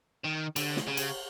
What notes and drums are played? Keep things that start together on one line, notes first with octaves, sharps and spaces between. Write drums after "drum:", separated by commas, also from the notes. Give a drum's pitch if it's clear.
D#3
D3, drum: cymbal
drum: snare
C#3
drum: cymbal